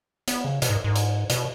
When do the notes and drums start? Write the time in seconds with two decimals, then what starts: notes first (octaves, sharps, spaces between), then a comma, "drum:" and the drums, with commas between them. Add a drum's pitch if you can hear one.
0.28 B3, drum: hi-hat
0.45 C#3
0.62 B2, drum: hi-hat
0.69 G#2
0.84 G#2
0.96 drum: hi-hat
1.30 B2, drum: hi-hat